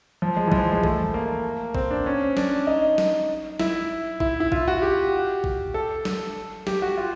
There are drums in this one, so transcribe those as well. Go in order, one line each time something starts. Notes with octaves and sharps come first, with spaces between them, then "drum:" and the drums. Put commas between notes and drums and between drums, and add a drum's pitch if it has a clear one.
F3
G#3
E3
F3, drum: kick A#1
G#3
A3, drum: kick A#1
A#3
C4, drum: kick A#1
D4
C#4
D4, drum: snare
D#4
drum: snare
E4, drum: snare
E4, drum: kick A#1
E4
F4, drum: kick A#1
F#4
G4
drum: kick A#1
A4
drum: snare
G4, drum: snare
F#4
F4